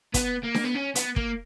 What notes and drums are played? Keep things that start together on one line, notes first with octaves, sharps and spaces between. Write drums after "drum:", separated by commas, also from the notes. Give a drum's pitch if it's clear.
B3, drum: kick, hi-hat
A#3
drum: snare D4
B3
C#4
B3, drum: hi-hat
A#3, drum: kick